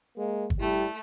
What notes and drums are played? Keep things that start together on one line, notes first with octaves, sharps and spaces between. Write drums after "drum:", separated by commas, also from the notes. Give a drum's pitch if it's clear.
G#3 A#3
drum: kick
G3 A3 E4